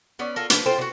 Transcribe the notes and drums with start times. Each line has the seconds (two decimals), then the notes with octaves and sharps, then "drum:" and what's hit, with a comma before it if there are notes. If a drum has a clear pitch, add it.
0.19 B3 C#4 D5
0.36 F4 A4 A#4
0.50 F3 B4, drum: hi-hat
0.66 F4 A4 C5 G5
0.78 D3 F#4